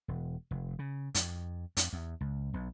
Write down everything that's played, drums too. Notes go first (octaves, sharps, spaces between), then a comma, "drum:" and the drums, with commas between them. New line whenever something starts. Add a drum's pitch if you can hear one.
E1
F1
C#3
F2, drum: hi-hat
F2, drum: hi-hat
E2
C#2
B1